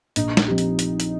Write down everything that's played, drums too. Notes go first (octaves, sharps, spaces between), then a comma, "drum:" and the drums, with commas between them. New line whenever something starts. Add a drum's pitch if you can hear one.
A#1 D#4, drum: hi-hat
drum: snare
F3 C4 G4
drum: hi-hat
drum: hi-hat
drum: hi-hat